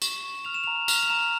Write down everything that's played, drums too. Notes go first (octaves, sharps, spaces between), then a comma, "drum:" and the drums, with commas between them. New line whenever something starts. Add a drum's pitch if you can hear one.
C#6 E7, drum: tambourine
C#6
F6 F7
E7
A#5 F7
F6 F7, drum: tambourine
F7
A#5 E7